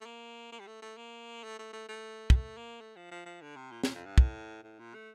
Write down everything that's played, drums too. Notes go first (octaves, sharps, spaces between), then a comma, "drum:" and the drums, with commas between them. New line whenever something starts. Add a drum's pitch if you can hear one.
A3
A#3
A#3
G3
A3
A3
A#3
A3
A3
A3
A3
G3, drum: kick
A3
A#3
A3
F3
F3
F3
D3
C3
A#2
A#2, drum: snare
F2
G2
A2, drum: kick
A2
A#2
A3